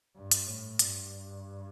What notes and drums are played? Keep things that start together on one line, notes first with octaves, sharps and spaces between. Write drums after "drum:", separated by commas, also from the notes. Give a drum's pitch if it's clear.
G2
drum: hi-hat
A2
G2, drum: hi-hat